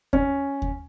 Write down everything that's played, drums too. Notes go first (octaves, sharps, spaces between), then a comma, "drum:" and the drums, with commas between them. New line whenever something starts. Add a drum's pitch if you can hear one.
C#4, drum: kick D#2
drum: kick D#2